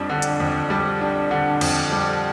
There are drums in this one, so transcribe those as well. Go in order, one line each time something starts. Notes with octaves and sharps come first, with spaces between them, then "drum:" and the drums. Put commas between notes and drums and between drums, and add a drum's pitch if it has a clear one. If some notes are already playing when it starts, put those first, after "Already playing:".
Already playing: F2 G3 D4
D3
drum: hi-hat
F2
G3
D4
D3
F2, drum: cymbal
G3